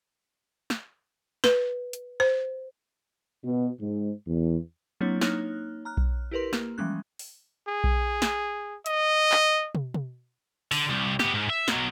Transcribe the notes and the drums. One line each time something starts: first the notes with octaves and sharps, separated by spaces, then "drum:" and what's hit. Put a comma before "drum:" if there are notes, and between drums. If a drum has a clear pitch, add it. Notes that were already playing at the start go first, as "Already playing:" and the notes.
drum: snare
B4, drum: snare
drum: hi-hat
C5
B2
G#2
E2
F#3 A#3 C4 D4 E4 C#5
A#3 D#4 C#5 F6 F#6, drum: snare
A#5 F6 F#6
drum: kick B1
E4 G4 A#4 B4 C6
A#3, drum: snare
E3 F3 G3 G#3 C#4 F#6
drum: open hi-hat
G#4
drum: kick B1
drum: snare
D#5, drum: hi-hat
drum: clap
drum: tom
drum: tom
D3, drum: open hi-hat
C2
B3 G4, drum: snare
G#2
E5
B2 F#3, drum: snare